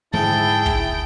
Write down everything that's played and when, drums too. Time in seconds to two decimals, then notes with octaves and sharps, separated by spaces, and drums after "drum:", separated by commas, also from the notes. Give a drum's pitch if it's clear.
0.13 G#2 D3 D#3 E4 G#4 G5 A5
0.66 drum: kick